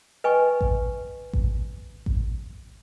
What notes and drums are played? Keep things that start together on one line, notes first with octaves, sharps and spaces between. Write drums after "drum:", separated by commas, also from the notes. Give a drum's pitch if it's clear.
B4 D#5 G5 G#5 C#6
drum: kick A1
drum: kick A1
drum: kick A1